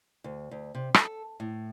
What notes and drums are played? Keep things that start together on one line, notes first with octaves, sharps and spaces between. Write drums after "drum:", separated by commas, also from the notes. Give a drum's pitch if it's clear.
D2
D2
C3
A4, drum: rim click
A2